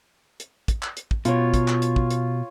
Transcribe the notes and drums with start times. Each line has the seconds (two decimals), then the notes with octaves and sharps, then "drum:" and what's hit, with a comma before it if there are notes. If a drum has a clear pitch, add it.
0.40 drum: hi-hat
0.68 drum: kick, hi-hat
0.83 drum: clap
0.97 drum: hi-hat
1.11 drum: kick
1.25 B2 F4 C#5, drum: hi-hat
1.54 drum: kick, hi-hat
1.68 drum: clap
1.82 drum: hi-hat
1.96 drum: kick
2.10 drum: hi-hat